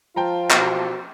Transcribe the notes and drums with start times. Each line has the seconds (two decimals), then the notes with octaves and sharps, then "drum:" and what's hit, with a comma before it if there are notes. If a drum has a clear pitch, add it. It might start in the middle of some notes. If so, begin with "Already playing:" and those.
0.16 F3 F4 G5 A5 A#5
0.51 B2 E3 G4, drum: clap